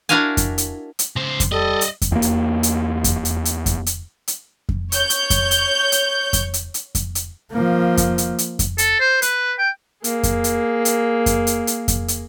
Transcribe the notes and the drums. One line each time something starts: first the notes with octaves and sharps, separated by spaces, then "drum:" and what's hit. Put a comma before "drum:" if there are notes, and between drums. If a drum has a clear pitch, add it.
D4 E4 F#4 A#4 F5 G#5
drum: kick F2, hi-hat
drum: hi-hat
drum: hi-hat
C#3 C5
drum: kick F2, hi-hat
G3 A4 D5 D#5
drum: hi-hat
drum: kick F2, hi-hat
E2 A#3
drum: hi-hat
drum: hi-hat
drum: kick F2, hi-hat
drum: hi-hat
drum: hi-hat
drum: kick F2, hi-hat
drum: hi-hat
drum: hi-hat
drum: kick F2
C#5 G6, drum: hi-hat
drum: hi-hat
drum: kick F2, hi-hat
drum: hi-hat
drum: hi-hat
drum: kick F2, hi-hat
drum: hi-hat
drum: hi-hat
drum: kick F2, hi-hat
drum: hi-hat
F3 A#3
drum: kick F2, hi-hat
drum: hi-hat
drum: hi-hat
drum: kick F2, hi-hat
A4, drum: hi-hat
C5
B4, drum: hi-hat
G5
A#3 G#4, drum: hi-hat
drum: kick F2, hi-hat
drum: hi-hat
drum: hi-hat
drum: kick F2, hi-hat
drum: hi-hat
drum: hi-hat
drum: kick F2, hi-hat
drum: hi-hat